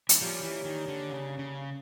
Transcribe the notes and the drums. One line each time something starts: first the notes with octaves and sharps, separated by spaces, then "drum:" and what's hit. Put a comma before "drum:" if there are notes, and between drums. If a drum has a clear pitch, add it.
E3, drum: hi-hat
F3 G3 A#3 C#4
E3
D#3
D3
C#3
C#3